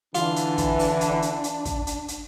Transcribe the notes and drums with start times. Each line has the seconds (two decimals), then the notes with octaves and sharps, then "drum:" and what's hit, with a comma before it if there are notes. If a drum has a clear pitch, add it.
0.15 D3 E3 D4 F4, drum: hi-hat
0.36 drum: hi-hat
0.58 drum: kick, hi-hat
0.79 drum: open hi-hat
1.01 drum: hi-hat
1.22 drum: hi-hat
1.44 drum: hi-hat
1.65 drum: kick, hi-hat
1.87 drum: hi-hat
2.08 drum: hi-hat